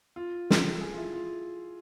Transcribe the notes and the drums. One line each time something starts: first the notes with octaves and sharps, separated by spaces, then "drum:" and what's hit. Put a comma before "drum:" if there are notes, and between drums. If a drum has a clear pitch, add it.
F4
drum: snare
A4
G#4
F4
E4
F4